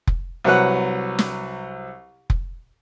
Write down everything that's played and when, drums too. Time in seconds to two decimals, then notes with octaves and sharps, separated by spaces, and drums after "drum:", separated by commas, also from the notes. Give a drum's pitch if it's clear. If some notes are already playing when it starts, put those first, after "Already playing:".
0.07 drum: kick F1
0.44 C2 F#3 B4 F#5
1.19 drum: snare
2.30 drum: kick F1